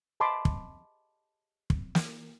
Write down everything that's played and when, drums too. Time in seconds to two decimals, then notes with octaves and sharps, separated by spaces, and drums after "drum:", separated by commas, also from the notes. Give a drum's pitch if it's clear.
0.20 D#5 A5 B5 C6 D6
0.45 drum: kick
1.70 drum: kick
1.95 drum: snare